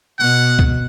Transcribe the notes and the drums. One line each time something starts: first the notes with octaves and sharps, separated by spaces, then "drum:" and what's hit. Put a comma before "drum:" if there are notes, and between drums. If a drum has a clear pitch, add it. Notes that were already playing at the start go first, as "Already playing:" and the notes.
B2 F#5
drum: kick C#2